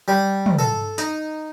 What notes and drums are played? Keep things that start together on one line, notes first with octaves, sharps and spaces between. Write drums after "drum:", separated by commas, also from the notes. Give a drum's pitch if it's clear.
G3
drum: tom
A4
D#4, drum: hi-hat